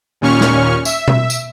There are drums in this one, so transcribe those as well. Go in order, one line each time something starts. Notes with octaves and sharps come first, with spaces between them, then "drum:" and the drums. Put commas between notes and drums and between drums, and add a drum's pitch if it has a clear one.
D#2 A#2 C#4 C#6 F6
drum: snare
E5, drum: tambourine
drum: tom B2
drum: tambourine